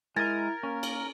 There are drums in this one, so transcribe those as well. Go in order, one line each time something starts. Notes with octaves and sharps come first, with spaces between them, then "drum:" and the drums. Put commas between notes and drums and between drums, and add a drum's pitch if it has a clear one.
G#3 E4 A#4 D#5 G#6 A6
A#3 C#4
drum: cymbal